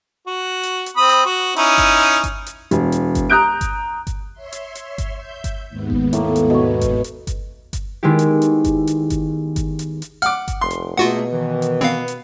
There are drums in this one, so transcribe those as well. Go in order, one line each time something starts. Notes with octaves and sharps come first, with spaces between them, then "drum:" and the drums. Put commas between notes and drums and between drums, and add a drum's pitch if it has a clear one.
F#4
drum: hi-hat
drum: hi-hat
C4 B5 D#6
drum: hi-hat
F#4
C#4 D#4 E4, drum: hi-hat
drum: kick G1, hi-hat
drum: kick G1, hi-hat
drum: hi-hat
E1, drum: hi-hat
drum: hi-hat
drum: kick G1, hi-hat
A#5 D#6 F#6 G6 D7
drum: kick G1, hi-hat
drum: kick G1, hi-hat
C#5 E5 C6
drum: hi-hat
drum: hi-hat
drum: kick G1, hi-hat
E5 G6
drum: kick G1, hi-hat
D#2 G#2 B3
drum: kick G1
A2 A#3, drum: hi-hat
drum: hi-hat
B2 C#5
drum: kick G1, hi-hat
drum: hi-hat
drum: kick G1, hi-hat
drum: kick G1, hi-hat
D#3 G#3 B3 E4 G4
drum: hi-hat
drum: hi-hat
drum: kick G1, hi-hat
drum: hi-hat
drum: kick G1, hi-hat
drum: kick G1, hi-hat
drum: hi-hat
drum: hi-hat
F#5 D6 F6, drum: hi-hat
drum: kick G1, hi-hat
F1 C6
drum: hi-hat
B2 A3 A#3 F4 F#4 G#4 F#5
D#3 E3
drum: hi-hat
B3 C4 F5
drum: hi-hat